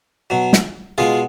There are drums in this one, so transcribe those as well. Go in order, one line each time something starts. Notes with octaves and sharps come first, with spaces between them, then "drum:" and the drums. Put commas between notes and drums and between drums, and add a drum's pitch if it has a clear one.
B2 F#3
drum: snare
B2 G#3 F4 G#4